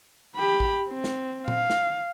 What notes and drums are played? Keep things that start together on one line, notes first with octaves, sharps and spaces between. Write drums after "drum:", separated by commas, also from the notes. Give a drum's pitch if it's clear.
G4 B5
drum: kick A1
C4
drum: snare
F5, drum: tom A#2
drum: snare